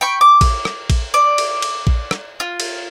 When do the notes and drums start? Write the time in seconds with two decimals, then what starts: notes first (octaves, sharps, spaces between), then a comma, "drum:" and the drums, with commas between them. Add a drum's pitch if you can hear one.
0.01 G5 B5 C#6
0.21 D6
0.41 drum: kick A#1, cymbal
0.65 drum: rim click
0.90 drum: kick A#1, cymbal
1.14 D5
1.38 drum: cymbal
1.62 drum: cymbal
1.87 drum: kick A#1
2.11 drum: rim click
2.40 F4
2.60 drum: cymbal